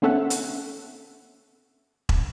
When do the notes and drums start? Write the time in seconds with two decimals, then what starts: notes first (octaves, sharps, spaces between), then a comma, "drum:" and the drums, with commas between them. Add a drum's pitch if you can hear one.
0.02 A#3 C4 C#4 A4 E5 F#5
0.30 drum: hi-hat
2.09 drum: kick E1